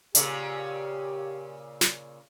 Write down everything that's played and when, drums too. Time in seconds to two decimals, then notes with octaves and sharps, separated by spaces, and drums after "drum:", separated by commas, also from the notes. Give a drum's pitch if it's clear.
0.15 A#2 C#3 C#4 G4, drum: hi-hat
1.81 drum: snare